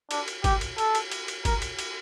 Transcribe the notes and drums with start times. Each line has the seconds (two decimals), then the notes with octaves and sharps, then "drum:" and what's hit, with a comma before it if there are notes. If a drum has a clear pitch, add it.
0.11 D4, drum: cymbal
0.28 drum: cymbal
0.44 G4, drum: kick, cymbal
0.61 drum: cymbal
0.78 A4, drum: cymbal
0.95 drum: cymbal
1.11 drum: cymbal
1.28 drum: cymbal
1.45 A#4, drum: kick, cymbal
1.62 drum: cymbal
1.79 drum: cymbal